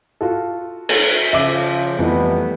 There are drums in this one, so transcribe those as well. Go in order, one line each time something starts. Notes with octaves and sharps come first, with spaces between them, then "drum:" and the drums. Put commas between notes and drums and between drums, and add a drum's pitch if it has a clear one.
F4 F#4 A4
drum: cymbal
C#3 F3 E5 D6
F2 E3 G3 A3 B3